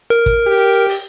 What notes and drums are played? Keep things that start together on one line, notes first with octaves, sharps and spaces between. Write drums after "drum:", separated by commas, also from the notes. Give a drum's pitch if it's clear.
A#4, drum: hi-hat
drum: kick, hi-hat
G4
drum: hi-hat
drum: hi-hat
drum: open hi-hat